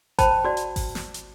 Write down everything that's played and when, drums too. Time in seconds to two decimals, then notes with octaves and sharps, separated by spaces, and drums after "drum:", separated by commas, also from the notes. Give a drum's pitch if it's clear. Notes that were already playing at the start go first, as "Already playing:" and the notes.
0.19 C5 G5 A5 B5, drum: kick G#1, hi-hat
0.44 F#4 D5
0.57 drum: hi-hat
0.76 drum: kick G#1, open hi-hat
0.95 drum: snare
1.14 drum: hi-hat